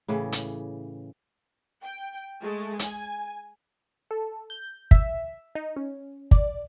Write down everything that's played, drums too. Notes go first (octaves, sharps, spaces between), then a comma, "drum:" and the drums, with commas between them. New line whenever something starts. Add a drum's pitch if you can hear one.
A2 C#3 E3
drum: hi-hat
G5
G#3 A3
G#5, drum: hi-hat
A4
G6
E5, drum: kick
D#4
C#4
D5, drum: kick